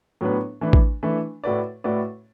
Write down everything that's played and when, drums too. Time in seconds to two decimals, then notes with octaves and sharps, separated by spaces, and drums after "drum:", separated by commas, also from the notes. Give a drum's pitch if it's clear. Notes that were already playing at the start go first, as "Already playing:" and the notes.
0.21 A2 F#3 B3 D4 B4
0.61 E3 A3 D4 B4
0.73 drum: kick A1
1.03 E3 A3 D4 B4
1.44 A2 A3 F#4 B4 D5
1.84 A2 A3 F#4 B4 D5